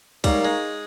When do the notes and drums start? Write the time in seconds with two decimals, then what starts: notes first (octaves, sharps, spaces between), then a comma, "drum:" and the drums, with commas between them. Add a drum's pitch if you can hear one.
0.24 G3 G#3 D#4 A#4 C#5 F5, drum: kick, cymbal
0.45 G#3